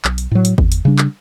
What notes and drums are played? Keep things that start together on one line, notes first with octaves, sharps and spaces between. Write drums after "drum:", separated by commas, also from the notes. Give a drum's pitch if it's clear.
B1, drum: clap
drum: hi-hat
A2 F#3
drum: hi-hat
E2, drum: kick G1
drum: hi-hat
C#3 G3 D4
drum: clap